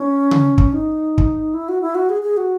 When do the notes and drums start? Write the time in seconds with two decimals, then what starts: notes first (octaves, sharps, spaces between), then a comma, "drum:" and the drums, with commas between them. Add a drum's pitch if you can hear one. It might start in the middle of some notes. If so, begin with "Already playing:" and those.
Already playing: C#4
0.31 drum: tom C#3
0.58 drum: kick
0.72 D#4
1.18 drum: kick
1.54 E4
1.69 F#4
1.82 E4
1.95 F#4
2.09 G#4
2.23 G#4
2.37 F#4